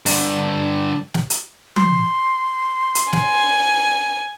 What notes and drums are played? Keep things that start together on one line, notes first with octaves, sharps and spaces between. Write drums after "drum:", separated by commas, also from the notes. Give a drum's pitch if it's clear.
G2 D3, drum: open hi-hat
drum: snare
drum: hi-hat
C6, drum: tom F3
drum: hi-hat
G#5, drum: snare